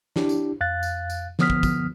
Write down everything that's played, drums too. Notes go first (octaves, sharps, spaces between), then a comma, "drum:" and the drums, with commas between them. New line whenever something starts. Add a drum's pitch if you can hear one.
D4 E4 G4, drum: snare
drum: tambourine
F2 F5 F#6 A6
drum: tambourine
drum: tambourine
D3 F3 B3 D#6 F6 B6, drum: snare
drum: kick
drum: kick, tambourine